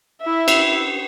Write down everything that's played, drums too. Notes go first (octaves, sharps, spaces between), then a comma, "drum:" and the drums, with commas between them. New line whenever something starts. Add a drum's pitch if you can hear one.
E4 E5
drum: cymbal